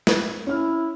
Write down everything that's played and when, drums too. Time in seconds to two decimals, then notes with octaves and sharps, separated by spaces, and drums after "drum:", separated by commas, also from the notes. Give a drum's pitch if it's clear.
0.07 B4, drum: snare
0.47 C#4 E4 F6